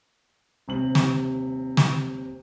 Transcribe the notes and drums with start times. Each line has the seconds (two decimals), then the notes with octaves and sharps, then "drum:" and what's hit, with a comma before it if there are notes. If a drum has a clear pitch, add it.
0.68 D#1 C3 F#7
0.95 drum: snare
1.77 drum: snare